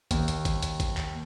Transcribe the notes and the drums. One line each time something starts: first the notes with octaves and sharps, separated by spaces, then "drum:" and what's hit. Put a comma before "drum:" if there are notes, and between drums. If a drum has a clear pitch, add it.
D#2, drum: kick G#1, hi-hat
drum: hi-hat
drum: kick G#1, hi-hat
drum: hi-hat
drum: kick G#1, hi-hat
drum: clap